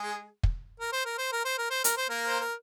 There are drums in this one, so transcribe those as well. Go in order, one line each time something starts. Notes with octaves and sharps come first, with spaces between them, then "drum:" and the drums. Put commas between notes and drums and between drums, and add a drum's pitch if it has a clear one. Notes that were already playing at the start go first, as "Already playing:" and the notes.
Already playing: G#3 G#4
drum: kick
A#4
C5
A#4
C5
A#4
C5
A#4
C5
A#4, drum: hi-hat
C5
A#3 A#4
C5
A#4